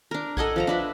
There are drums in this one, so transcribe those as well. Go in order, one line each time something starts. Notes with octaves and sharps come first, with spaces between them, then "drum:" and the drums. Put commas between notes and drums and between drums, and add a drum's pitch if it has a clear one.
D4 A#4
A4 D#5 F#5 G#5, drum: kick A#1
F3 A4 A#5
D4 B4 E5